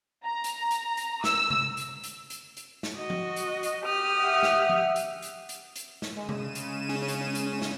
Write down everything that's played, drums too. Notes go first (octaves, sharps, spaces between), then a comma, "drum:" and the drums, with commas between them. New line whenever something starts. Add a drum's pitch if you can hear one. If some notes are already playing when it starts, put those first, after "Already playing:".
A#5
drum: hi-hat
drum: hi-hat
drum: hi-hat
E6, drum: snare
drum: tom C3
drum: hi-hat
drum: hi-hat
drum: hi-hat
drum: hi-hat
drum: snare
F#4 D#5
drum: tom F3
drum: hi-hat
drum: hi-hat
G4 D#6 F6
E5 F#5
drum: snare
drum: tom F3
drum: hi-hat
drum: hi-hat
drum: hi-hat
drum: hi-hat
drum: snare
C#3 G#3 D#7 E7
drum: tom C3
drum: hi-hat
C#4
drum: hi-hat
drum: hi-hat
drum: snare